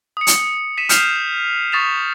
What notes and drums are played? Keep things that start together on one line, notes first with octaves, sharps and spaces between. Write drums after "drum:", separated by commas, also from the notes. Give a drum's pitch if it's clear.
D#6 C#7
drum: hi-hat
B6 D#7 E7
D#6 F6 G6 C7 E7 F7, drum: hi-hat
C#6 D#6 A6 B6 E7 F7